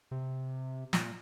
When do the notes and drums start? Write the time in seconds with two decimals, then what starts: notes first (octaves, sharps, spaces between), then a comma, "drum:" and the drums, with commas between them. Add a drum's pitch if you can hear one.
0.11 C3
0.93 A#2, drum: snare